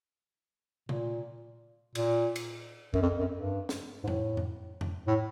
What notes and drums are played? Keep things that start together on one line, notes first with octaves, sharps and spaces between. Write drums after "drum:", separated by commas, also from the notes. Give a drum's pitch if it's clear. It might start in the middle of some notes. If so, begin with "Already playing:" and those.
A#2, drum: tom
A#2, drum: cymbal
drum: cymbal
F#2, drum: kick
F2
F#2
G2
drum: snare
G#2
A2, drum: tom F2
drum: tom F2
drum: tom F2
A2